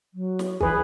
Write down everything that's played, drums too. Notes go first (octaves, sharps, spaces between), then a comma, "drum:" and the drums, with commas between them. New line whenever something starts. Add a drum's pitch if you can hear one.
F#3
drum: snare
E3 G#4 B4, drum: kick